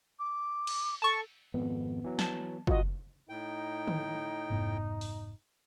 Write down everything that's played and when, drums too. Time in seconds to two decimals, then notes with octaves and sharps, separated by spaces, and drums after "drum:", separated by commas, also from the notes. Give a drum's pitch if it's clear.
0.19 D6
0.67 drum: cymbal
1.02 A4 A5 C#6
1.54 G#1 F2 B3
2.04 E3 F#3
2.19 A5, drum: snare
2.67 F4 F#4 D#5, drum: kick
3.29 A2 D#4 G5
3.87 drum: tom D3
4.50 F1 G#2 B3
5.01 drum: open hi-hat